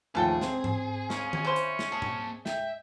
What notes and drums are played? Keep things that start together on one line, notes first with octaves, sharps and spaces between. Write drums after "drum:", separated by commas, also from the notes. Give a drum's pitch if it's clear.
D#2 A2 F3 C#4 G#4 A4 G5
C4, drum: snare
drum: tom G#2
A#3 C#4, drum: snare
drum: tom D#3
C#3 E4 C5
drum: hi-hat
drum: snare
A#3 G#4 A5
drum: tom A#2
E5 G5, drum: snare